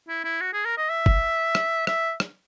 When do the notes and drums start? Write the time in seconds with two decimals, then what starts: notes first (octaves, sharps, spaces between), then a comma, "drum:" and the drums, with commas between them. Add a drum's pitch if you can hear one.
0.09 E4
0.24 E4
0.41 F#4
0.53 G#4
0.65 A#4
0.77 D#5
0.90 E5
1.06 drum: kick
1.55 drum: rim click
1.87 E5, drum: rim click
2.20 drum: rim click